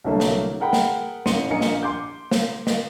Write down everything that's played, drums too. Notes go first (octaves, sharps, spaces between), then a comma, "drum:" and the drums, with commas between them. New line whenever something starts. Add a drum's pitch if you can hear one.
C2 D3 F#3 A3 A#3
drum: snare
G#4 A#4 F#5 G5 B5
drum: snare
A1 C6 C#7 D#7, drum: snare
A#1 A#3 A#4 D#5 G#5 C#7
drum: snare
C6 D6 G6
drum: snare
drum: snare